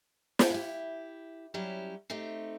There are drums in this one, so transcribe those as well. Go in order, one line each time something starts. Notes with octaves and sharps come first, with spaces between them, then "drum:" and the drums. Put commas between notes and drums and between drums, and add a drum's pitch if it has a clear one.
drum: snare
E4 G4
F#3 G3 C#4 E4 G4
A3 C4 D#4 G4